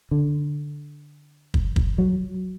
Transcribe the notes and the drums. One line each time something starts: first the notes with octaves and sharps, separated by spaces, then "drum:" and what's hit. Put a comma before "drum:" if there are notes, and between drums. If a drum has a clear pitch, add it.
D3
drum: kick
drum: kick
F#3